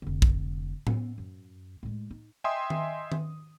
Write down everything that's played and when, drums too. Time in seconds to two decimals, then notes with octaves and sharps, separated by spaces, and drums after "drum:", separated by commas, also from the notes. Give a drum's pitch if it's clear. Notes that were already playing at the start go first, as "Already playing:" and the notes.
0.02 F1 D3
0.22 drum: kick A#1
0.87 B3, drum: tom A2
1.18 F#2
1.83 A2 G#3
2.11 D#4
2.44 D#5 E5 G5 G#5 C6 D#6
2.70 drum: tom D#3
3.12 drum: tom D#3